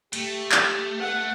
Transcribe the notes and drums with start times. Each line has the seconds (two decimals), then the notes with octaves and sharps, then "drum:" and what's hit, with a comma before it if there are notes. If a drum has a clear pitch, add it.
0.13 A3 G4, drum: cymbal
0.52 drum: clap
0.97 F#5